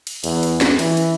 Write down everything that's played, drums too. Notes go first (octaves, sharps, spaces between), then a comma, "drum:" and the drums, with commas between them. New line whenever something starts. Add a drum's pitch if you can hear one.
drum: cymbal
E2, drum: cymbal
drum: cymbal
drum: snare
E3, drum: cymbal
drum: cymbal